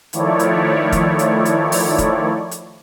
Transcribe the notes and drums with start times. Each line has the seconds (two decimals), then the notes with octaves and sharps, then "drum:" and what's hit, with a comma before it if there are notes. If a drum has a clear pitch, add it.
0.13 D#3 F3 A3 E4 C#5 D5, drum: hi-hat
0.39 drum: hi-hat
0.92 drum: kick, hi-hat
1.19 drum: hi-hat
1.45 drum: hi-hat
1.72 drum: open hi-hat
1.98 drum: kick, hi-hat
2.51 drum: hi-hat